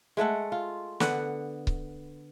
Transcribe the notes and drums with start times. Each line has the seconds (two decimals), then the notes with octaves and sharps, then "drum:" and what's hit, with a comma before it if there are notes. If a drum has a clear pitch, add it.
0.17 G#3 A3 A4 F#5
0.52 F4
1.00 D3 B3 F#5, drum: snare
1.67 drum: kick C#1